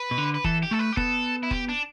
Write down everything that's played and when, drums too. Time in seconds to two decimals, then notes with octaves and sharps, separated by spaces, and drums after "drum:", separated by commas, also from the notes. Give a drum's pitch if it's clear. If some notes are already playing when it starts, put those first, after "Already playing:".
Already playing: B4
0.11 B2
0.18 D3
0.34 B4
0.44 E3 A4, drum: kick F1
0.63 G4
0.71 A3 A4
0.79 B4
0.92 G4
0.97 B3 A4, drum: kick F1
1.43 E4
1.51 G4, drum: kick F1
1.69 D4